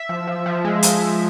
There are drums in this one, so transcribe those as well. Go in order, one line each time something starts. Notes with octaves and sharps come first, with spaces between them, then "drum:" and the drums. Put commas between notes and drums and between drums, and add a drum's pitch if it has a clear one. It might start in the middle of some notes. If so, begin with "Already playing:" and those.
Already playing: E5
F3
F3
F3
G#3
drum: hi-hat